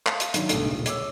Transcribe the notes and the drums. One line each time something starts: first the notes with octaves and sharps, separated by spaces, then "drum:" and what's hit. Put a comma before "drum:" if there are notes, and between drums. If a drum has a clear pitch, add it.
F5 A5 C6 D#6, drum: clap
drum: hi-hat
D#3 F#3 D4, drum: hi-hat
B1 G2 D3 A3, drum: hi-hat
D#1 C#2
C#5 D6 E6, drum: hi-hat